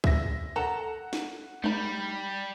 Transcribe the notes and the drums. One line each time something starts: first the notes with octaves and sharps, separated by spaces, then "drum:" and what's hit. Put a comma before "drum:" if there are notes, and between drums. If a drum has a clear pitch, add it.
E5 A#6, drum: kick C#2
A4 F#5 A5 A#5
drum: snare
G3 D#4 B5, drum: tom G#3